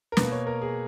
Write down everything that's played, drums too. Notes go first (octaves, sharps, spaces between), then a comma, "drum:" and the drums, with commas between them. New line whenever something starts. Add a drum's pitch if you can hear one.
A#4
B2 A#3 B4, drum: snare
C#5
A#4
G#4